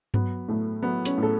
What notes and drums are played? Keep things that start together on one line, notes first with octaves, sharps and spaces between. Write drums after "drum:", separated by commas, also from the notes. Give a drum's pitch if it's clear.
F#3 B3, drum: tom G2
A2 A3
F#3 B3
C#4, drum: hi-hat
A2
A4